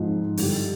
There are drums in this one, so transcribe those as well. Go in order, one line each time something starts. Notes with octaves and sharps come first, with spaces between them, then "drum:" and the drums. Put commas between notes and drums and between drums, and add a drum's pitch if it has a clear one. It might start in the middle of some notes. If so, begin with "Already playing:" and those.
Already playing: G#2 F3 C4 D#4
G2 D3 G3 D4 G4, drum: open hi-hat